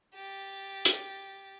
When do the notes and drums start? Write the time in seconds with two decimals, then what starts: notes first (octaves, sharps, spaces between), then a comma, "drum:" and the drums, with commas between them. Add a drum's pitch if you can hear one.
0.15 G4 A6
0.85 drum: hi-hat